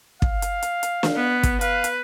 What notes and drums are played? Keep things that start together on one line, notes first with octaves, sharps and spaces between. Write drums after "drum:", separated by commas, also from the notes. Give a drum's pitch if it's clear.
F5, drum: kick
drum: hi-hat
drum: hi-hat
drum: hi-hat
drum: snare
B3
drum: kick, hi-hat
B4 F5, drum: hi-hat
drum: hi-hat